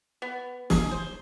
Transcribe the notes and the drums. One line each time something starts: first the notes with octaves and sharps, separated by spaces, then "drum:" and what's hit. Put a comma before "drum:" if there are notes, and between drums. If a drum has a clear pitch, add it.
B3
G#4, drum: snare
C5